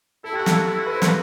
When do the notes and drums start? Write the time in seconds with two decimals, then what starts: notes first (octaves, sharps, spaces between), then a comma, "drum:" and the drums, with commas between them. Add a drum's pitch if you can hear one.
0.24 E4 A4
0.33 G4
0.36 F#4 A4
0.46 E4, drum: snare
0.57 F#4
0.68 E4
0.79 F#4
0.86 E4 B4
0.96 C5
1.02 F#4 B4, drum: snare